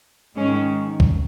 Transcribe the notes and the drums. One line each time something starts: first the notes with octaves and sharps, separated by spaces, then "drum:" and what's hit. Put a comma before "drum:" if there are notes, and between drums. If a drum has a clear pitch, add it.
G#2 D#3 G#3 C#4
drum: kick